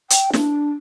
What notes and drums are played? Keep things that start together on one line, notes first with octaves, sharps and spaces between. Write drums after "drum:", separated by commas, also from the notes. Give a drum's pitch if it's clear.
G5, drum: hi-hat
D4, drum: snare